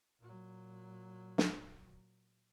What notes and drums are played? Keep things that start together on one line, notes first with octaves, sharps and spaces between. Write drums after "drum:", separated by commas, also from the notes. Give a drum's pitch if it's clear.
A#2 F#3
drum: snare